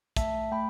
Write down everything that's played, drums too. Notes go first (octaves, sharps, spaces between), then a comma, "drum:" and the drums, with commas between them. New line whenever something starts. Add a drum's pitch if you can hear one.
A3 E5 A5, drum: kick, hi-hat
A3 G5 B5